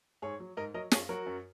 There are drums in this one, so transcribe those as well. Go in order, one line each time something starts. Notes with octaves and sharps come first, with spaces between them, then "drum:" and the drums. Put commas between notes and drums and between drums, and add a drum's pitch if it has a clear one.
G#2 G#4 C#5
F#3
G#2 A#4 D#5
F#3 A#4 D#5
F#2 G#4 C#5, drum: snare
F#3 F#4 A#4
F#2